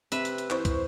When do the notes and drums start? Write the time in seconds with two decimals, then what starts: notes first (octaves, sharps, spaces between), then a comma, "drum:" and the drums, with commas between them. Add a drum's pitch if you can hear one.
0.12 C3 B4 E5, drum: hi-hat
0.25 drum: hi-hat
0.38 drum: hi-hat
0.51 E3 C5 C#6, drum: clap
0.65 drum: kick, hi-hat